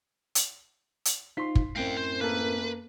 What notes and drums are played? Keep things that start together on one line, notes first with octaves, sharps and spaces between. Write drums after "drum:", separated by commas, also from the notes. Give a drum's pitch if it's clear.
drum: hi-hat
drum: hi-hat
D#4 F4 C5 C6 B6
drum: kick
F#2 A2 C4 F5 G5
C5
A#3 B3 A4 B4